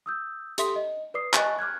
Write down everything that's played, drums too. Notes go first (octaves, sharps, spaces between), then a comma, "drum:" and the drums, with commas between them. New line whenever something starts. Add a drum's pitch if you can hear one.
D#6 E6 G6
G4 A4 E5 C6 D#6 B6, drum: hi-hat
D#5
B4 D5 D6 D#6 C7
D#5 G#5 A5 C#6 F#6 A6, drum: clap
D6 F6 F#6 G#6